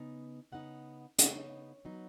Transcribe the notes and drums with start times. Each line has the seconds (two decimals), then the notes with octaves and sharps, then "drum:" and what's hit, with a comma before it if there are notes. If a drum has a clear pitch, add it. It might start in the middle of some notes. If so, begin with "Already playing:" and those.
Already playing: C#3 B3 D#4
0.52 C#3 B3 D#4 F#5
1.19 C#3 B3 D#4 C#5, drum: hi-hat
1.85 F#3 B3 D#4